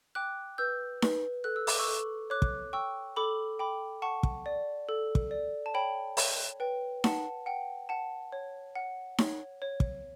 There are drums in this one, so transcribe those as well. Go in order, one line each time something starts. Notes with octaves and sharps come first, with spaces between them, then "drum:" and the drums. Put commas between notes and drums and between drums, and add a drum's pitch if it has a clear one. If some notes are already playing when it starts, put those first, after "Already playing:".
G5 D6 F#6
B4 E6 G6
B4, drum: snare D#4
A4 F#6
E6
D6, drum: open hi-hat
C#6 E6
A4
C#5 D6 F#6
drum: kick
G5 C#6 E6
A4 B5 D6
G5 B5 D6
F#5 A5 C#6
drum: kick
D5
A4
drum: kick
D5
A5
C#5 G5 B5
C#5, drum: open hi-hat
B4 G5
F#5 A5, drum: snare D#4
F#5 G5
F#5 A5
C#5
F#5
C#5, drum: snare D#4
C#5
drum: kick